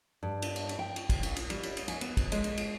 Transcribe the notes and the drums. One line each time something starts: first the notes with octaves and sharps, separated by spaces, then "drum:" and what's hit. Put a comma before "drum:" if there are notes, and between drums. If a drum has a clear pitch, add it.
G2
drum: cymbal
drum: cymbal
drum: cymbal
G5
drum: cymbal
drum: kick, cymbal
drum: cymbal
drum: cymbal
G3, drum: cymbal
drum: cymbal
drum: cymbal
G#5, drum: cymbal
B3, drum: cymbal
drum: kick, cymbal
G#3, drum: cymbal
drum: cymbal
drum: cymbal